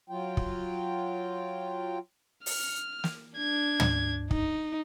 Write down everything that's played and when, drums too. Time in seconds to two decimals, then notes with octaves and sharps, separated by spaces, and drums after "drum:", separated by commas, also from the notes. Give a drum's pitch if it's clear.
0.10 F#3 F4 G5
0.37 drum: kick
2.46 F6, drum: open hi-hat
3.04 drum: snare
3.37 D4 G#6
3.80 drum: tom
4.31 D#4, drum: kick